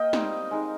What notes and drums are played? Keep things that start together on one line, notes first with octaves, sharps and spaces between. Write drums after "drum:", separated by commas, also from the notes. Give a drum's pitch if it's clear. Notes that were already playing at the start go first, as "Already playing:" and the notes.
Already playing: A#3 D#5 G5
G3 C4 D#4, drum: snare G#3
G#3 D#4